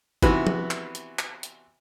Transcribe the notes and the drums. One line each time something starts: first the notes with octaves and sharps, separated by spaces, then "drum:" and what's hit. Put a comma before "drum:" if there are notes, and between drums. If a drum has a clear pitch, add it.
C3 E3 B3 F#4 B4, drum: kick, hi-hat
drum: tom F3
drum: clap
drum: hi-hat
drum: clap
drum: hi-hat